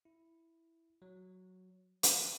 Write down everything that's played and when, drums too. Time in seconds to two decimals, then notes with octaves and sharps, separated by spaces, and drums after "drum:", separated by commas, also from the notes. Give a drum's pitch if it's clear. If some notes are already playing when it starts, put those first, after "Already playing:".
0.05 E4
1.02 F#3
2.03 A#4, drum: hi-hat